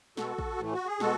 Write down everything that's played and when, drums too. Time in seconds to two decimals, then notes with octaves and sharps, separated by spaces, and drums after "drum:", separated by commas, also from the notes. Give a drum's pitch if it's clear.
0.17 B2 G#3 B3 F#4 A4, drum: snare
0.39 drum: kick A1
0.59 A2 E3 A3
0.73 F#4
0.87 G#4
1.00 B2 G#3 F#4 A4, drum: snare